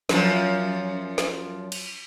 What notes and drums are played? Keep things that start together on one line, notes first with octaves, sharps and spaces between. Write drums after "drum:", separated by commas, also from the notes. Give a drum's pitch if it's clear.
F#2 F3, drum: snare
drum: snare
drum: cymbal